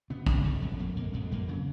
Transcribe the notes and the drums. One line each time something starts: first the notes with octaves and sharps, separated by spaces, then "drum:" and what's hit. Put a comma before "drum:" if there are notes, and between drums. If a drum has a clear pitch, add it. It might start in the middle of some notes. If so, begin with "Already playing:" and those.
C#3 B3
C#3 C#4, drum: kick
F2 C#4
F2 B3
F2 A#3
F2 A#3
F2 G#3
F2 A#3
C#3 F#3